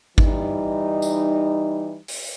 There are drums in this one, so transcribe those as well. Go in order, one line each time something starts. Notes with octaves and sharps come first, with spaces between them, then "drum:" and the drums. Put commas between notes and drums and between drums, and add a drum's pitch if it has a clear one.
E3 G3 D#4, drum: kick G#1
drum: tambourine
drum: open hi-hat